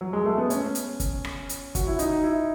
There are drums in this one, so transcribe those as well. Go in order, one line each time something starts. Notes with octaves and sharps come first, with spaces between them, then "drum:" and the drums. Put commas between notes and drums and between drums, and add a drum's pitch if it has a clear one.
F#3
G#3
A3
B3
C#4, drum: hi-hat
drum: hi-hat
drum: kick, hi-hat
drum: rim click
drum: hi-hat
F#4, drum: kick, hi-hat
E4
D#4, drum: hi-hat
E4